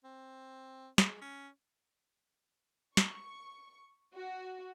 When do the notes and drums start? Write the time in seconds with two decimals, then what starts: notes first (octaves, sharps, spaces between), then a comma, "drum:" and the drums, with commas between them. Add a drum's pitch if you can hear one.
0.04 C4
0.98 G#3, drum: snare
1.21 C#4
2.97 C#6, drum: snare
4.14 F#4